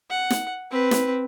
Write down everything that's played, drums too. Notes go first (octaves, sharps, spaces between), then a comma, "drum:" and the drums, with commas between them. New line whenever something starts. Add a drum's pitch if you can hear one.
F#5
drum: snare
C4 B4
drum: snare